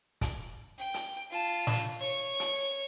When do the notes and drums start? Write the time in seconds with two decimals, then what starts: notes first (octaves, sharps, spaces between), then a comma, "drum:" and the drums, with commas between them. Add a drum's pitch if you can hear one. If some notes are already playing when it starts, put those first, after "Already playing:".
0.21 drum: kick, hi-hat
0.78 G5
0.94 drum: hi-hat
1.31 F4 A5
1.67 drum: snare
1.99 C#5 C#6
2.40 drum: hi-hat